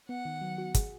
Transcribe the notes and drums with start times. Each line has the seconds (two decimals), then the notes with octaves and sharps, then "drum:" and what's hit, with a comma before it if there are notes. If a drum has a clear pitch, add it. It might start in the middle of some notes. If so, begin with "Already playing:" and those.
0.09 B3 F#5
0.25 D#3
0.41 F#3
0.58 F#4
0.74 G#4, drum: kick, hi-hat